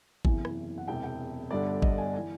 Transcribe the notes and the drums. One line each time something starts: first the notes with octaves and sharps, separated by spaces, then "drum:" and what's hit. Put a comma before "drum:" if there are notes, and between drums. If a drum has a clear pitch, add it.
F#1 E2 C3 E3 G#5, drum: kick
drum: rim click
F#5
E1 E2 C3 G5
G5
G1 G2 D3 D5
D#5, drum: kick
G#5
E3 G#5